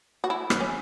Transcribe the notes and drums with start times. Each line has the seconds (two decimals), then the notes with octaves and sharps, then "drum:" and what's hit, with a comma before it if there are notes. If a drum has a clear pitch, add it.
0.24 F#4
0.30 E4
0.50 drum: rim click
0.60 C#4